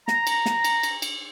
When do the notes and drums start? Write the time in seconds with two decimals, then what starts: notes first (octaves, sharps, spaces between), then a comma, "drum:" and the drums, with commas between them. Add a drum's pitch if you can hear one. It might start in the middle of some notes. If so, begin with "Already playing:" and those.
0.08 A#5, drum: snare
0.27 drum: cymbal
0.46 drum: snare
0.64 drum: cymbal
0.83 drum: cymbal
1.02 drum: cymbal